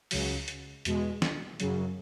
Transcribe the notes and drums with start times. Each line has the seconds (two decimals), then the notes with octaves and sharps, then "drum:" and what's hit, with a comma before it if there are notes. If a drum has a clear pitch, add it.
0.11 C#2 C#3 F#3, drum: open hi-hat
0.48 drum: hi-hat
0.85 E2 B2 G#3, drum: hi-hat
1.22 drum: snare
1.60 F#2 C#3 F#3, drum: hi-hat